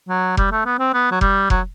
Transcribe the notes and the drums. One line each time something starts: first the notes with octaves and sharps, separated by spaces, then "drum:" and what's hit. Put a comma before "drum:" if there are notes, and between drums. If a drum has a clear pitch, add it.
F#3
G3, drum: kick F1
A3
B3
C4
B3
F#3
G3, drum: kick F1
F#3, drum: kick F1